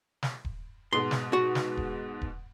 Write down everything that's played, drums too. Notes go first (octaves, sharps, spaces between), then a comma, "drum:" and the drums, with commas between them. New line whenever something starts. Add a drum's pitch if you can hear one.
drum: snare
drum: kick D#1
G#2 B2 G#3 C6
drum: snare
F#4
drum: snare
drum: kick D#1
drum: kick D#1